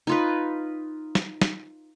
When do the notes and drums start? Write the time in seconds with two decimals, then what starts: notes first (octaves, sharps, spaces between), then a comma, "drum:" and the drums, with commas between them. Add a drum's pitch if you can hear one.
0.07 D#4 F4 B4
1.15 drum: snare
1.42 drum: snare